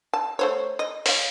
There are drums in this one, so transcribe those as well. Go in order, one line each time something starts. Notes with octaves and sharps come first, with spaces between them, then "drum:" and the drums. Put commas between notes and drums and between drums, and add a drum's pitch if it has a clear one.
A5
A3 C5 C#5
D#5
C#5 F5, drum: open hi-hat